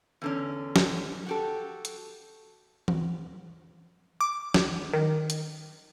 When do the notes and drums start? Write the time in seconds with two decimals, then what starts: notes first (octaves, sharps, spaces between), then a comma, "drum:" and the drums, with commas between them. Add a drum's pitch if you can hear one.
0.22 E2 D3 C#4
0.76 drum: snare
1.27 F#4 G4 A4
1.85 drum: hi-hat
2.88 drum: tom E3
4.21 D6
4.54 drum: snare
4.94 D#3
5.30 drum: hi-hat